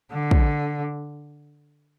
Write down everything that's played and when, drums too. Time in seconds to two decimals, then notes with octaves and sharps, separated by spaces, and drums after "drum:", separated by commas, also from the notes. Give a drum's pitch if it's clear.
0.12 D3
0.31 drum: kick